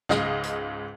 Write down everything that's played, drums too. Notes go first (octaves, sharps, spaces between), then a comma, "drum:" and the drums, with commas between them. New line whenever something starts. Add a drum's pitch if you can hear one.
C#2 G#2 D#5 F5, drum: snare
drum: hi-hat